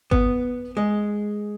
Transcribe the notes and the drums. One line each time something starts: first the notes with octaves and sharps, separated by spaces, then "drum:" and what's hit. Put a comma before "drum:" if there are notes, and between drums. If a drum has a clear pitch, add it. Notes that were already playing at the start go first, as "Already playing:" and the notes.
B3, drum: kick G#1
G#3